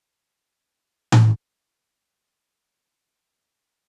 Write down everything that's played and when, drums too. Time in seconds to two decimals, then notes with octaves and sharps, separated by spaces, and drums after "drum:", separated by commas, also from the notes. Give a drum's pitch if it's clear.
0.08 F#2 F#3
1.12 drum: tom A2
1.59 C5
2.63 D#4
3.35 B3